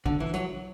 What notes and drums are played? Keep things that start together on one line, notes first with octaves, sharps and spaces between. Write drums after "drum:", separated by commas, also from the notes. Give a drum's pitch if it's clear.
D3, drum: kick
E3
F#3, drum: hi-hat